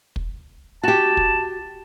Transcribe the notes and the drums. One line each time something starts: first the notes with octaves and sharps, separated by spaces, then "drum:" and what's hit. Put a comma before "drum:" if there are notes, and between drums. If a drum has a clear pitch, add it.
drum: kick
F#4 G4 A5
drum: kick